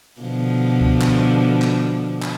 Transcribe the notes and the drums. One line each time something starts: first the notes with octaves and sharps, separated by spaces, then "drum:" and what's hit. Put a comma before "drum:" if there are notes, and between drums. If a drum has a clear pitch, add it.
B2 D3 F3
drum: kick C#2
drum: clap
drum: clap
drum: clap